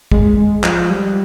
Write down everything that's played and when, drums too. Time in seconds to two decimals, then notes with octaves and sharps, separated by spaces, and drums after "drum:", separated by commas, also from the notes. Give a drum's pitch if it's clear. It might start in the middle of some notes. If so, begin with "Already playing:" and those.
0.12 G#3, drum: kick
0.37 G#3
0.64 F3, drum: clap
0.90 G3